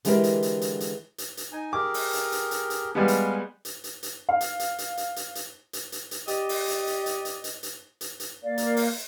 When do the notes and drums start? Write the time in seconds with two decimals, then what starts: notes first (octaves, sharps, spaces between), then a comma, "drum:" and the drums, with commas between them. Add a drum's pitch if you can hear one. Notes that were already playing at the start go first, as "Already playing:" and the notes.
0.05 D3 E3 G#3 G4 A#4 B4, drum: hi-hat
0.24 drum: hi-hat
0.43 drum: hi-hat
0.61 drum: hi-hat
0.80 drum: hi-hat
1.18 drum: hi-hat
1.37 drum: hi-hat
1.52 D#4 G#5
1.73 G4 G#4 A#4 D6
1.94 drum: open hi-hat
2.13 drum: hi-hat
2.32 drum: hi-hat
2.51 drum: hi-hat
2.70 drum: hi-hat
2.95 G3 G#3 B3 F5 G#5
3.08 drum: hi-hat
3.65 drum: hi-hat
3.84 drum: hi-hat
4.03 drum: hi-hat
4.29 F5
4.41 drum: hi-hat
4.60 drum: hi-hat
4.78 drum: hi-hat
4.97 drum: hi-hat
5.16 drum: hi-hat
5.35 drum: hi-hat
5.73 drum: hi-hat
5.92 drum: hi-hat
6.11 drum: hi-hat
6.28 G4 D5 D#5, drum: hi-hat
6.49 drum: open hi-hat
6.68 drum: hi-hat
6.87 drum: hi-hat
7.06 drum: hi-hat
7.25 drum: hi-hat
7.44 drum: hi-hat
7.63 drum: hi-hat
8.01 drum: hi-hat
8.20 drum: hi-hat
8.44 A#3 D5 F5
8.58 drum: hi-hat
8.77 drum: open hi-hat